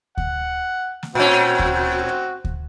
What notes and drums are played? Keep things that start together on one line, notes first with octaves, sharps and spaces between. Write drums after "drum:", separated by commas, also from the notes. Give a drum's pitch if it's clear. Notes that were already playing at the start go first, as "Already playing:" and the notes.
F#5, drum: kick D2
drum: snare
A#2 C4 C#4 F#4
drum: kick D2
drum: kick D2